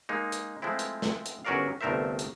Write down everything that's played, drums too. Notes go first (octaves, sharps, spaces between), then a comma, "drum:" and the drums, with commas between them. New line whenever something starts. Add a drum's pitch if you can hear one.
G#3 A#3 D#4
drum: hi-hat
F3 G#3 A3 C4 E4
drum: hi-hat
drum: snare
drum: hi-hat
G1 C#4 F#4 A#4 D5 F5
G1 C2 A3 A#4 C5 E5
drum: hi-hat